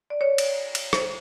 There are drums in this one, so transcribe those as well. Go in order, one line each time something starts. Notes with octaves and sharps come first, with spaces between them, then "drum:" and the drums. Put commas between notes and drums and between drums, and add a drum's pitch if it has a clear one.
D5
C#5
drum: cymbal
drum: cymbal
C5, drum: rim click